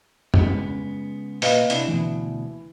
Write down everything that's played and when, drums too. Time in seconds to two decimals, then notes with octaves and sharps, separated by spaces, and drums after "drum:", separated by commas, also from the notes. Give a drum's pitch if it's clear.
0.34 C#3 G#3 B3, drum: tom
1.42 A#2 B4 D#5 F5, drum: open hi-hat
1.70 C3 D4 E4, drum: hi-hat
1.88 D2 B2 E3